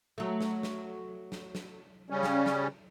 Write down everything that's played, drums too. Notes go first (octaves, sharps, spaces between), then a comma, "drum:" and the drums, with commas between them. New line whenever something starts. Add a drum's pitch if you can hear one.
F#3 A3
drum: snare
drum: snare
drum: snare
drum: snare
C#3 G3 C#4
drum: snare
drum: snare